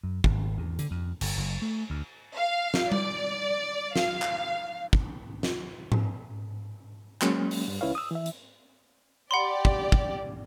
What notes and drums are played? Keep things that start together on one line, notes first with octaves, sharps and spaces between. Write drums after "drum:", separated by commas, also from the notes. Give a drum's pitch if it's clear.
F#2
G#1, drum: kick
E2
D3, drum: hi-hat
F2
G1, drum: cymbal
F#1
A3
D2
F5
drum: snare F4
D5, drum: tom G3
F5, drum: snare F4
drum: clap
drum: kick
drum: snare F4
drum: tom G#2
F#3 G#3 A#3 C#4, drum: clap
drum: open hi-hat
G2
C#2 C#4 E4 B4 C#5 F5
D#6 E6
E3 E5
drum: hi-hat
G4 D5 F#5 B5 C6
drum: kick
drum: kick